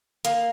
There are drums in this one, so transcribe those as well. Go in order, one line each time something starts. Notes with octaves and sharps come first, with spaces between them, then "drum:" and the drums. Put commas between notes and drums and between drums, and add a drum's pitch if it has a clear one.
A#3, drum: hi-hat